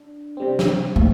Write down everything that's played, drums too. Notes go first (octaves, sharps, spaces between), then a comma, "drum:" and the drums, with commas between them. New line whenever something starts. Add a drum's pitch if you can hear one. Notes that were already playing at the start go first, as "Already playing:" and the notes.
Already playing: D4
C3 G3 C4
drum: snare
A3